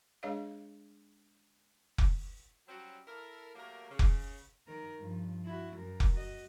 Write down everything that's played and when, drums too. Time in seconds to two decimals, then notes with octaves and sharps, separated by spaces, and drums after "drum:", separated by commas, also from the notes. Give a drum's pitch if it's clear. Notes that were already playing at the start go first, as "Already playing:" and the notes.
0.23 G#3 D4 G#4 C#5 D#5 F5
1.98 drum: kick F1
2.68 F#3 G3 C4 C#4 F#4
3.07 E4 A4 A#4
3.55 F#3 A3 A#3 G4 A#4
3.89 C#3
3.99 drum: kick F1
4.68 D#3 A#4
5.00 G2 F3
5.45 E4 F#4
5.77 F#2 A#4
6.00 drum: kick F1
6.12 F#4 D#5